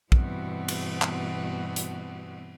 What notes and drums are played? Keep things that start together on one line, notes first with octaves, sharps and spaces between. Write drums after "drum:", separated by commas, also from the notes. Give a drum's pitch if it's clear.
G2 B2 E3 B3 C4 F#4, drum: kick
drum: cymbal
drum: clap
drum: hi-hat